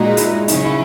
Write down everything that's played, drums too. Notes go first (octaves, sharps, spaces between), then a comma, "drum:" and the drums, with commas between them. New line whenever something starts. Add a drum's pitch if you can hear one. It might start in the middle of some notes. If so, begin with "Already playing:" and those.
Already playing: A#2 G#3 D#4 F#4
E4, drum: hi-hat
C#3 F#3 C#4 D#4, drum: hi-hat
E4